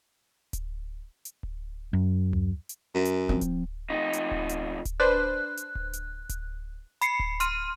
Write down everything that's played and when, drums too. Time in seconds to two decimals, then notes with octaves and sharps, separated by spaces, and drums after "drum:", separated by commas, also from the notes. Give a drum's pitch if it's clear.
0.53 drum: kick D1, hi-hat
1.25 drum: hi-hat
1.43 drum: kick D1
1.93 F#2
2.33 drum: tom D2
2.69 drum: hi-hat
2.95 F#2
3.05 drum: hi-hat
3.29 F3 C4
3.41 drum: kick D1, hi-hat
3.90 F2 D#4
4.13 drum: hi-hat
4.31 drum: kick D1
4.49 drum: hi-hat
4.85 drum: kick D1, hi-hat
5.00 D4 B4 C5 F#6
5.57 drum: hi-hat
5.75 drum: kick D1
5.93 drum: hi-hat
6.29 drum: kick D1, hi-hat
7.01 B5 C7 C#7, drum: hi-hat
7.19 drum: kick D1
7.40 C6 F6 D#7, drum: hi-hat